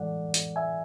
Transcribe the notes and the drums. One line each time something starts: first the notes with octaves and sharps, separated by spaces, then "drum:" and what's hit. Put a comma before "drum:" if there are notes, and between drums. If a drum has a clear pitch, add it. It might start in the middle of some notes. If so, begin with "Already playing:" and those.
Already playing: A2 E3 G#3 A4 D5 F#5
drum: hi-hat
E5 G#5